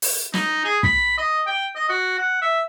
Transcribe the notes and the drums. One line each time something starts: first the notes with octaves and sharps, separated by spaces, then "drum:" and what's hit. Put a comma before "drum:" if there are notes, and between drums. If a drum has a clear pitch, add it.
drum: open hi-hat
D#4, drum: snare
G#4
B5, drum: kick
D#5
G5
D#5
F#4
F#5
E5